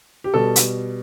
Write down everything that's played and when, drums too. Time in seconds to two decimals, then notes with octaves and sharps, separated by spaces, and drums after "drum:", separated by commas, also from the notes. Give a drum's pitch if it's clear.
0.24 G4
0.33 B2 G3 A4
0.56 drum: hi-hat